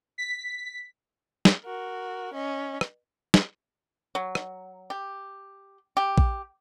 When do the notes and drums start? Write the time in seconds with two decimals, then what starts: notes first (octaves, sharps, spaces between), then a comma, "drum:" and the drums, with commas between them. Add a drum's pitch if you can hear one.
0.18 B6
1.45 drum: snare
1.64 F#4 A#4
2.34 C#4 D#5
2.81 drum: rim click
3.34 drum: snare
4.15 F#3
4.35 drum: rim click
4.90 G4
5.97 G4
6.18 drum: kick A#1